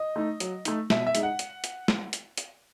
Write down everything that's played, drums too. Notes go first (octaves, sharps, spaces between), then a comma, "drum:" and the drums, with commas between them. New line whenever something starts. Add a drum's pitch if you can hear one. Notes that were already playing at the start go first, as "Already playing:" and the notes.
Already playing: D#5
A3 D#4
F#3, drum: hi-hat
A3 D#4, drum: hi-hat
B2 E5, drum: snare
E5
G#3 D#4, drum: hi-hat
F#5
drum: hi-hat
drum: hi-hat
drum: snare
drum: hi-hat
drum: hi-hat